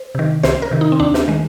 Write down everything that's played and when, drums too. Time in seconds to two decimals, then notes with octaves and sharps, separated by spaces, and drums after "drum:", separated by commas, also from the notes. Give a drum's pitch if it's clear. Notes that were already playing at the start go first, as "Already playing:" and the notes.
Already playing: C5
0.15 C3 D#3
0.43 C2 C5, drum: snare
0.62 A#4
0.71 C3 D#3
0.81 D#4
0.92 C4
1.00 D#2 D4
1.14 drum: snare
1.28 D#3 G#3